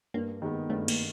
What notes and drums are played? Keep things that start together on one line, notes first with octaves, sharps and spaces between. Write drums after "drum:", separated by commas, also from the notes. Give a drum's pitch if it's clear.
G2 A#3
D#3 G#3 B3
G2 A3
A#3, drum: cymbal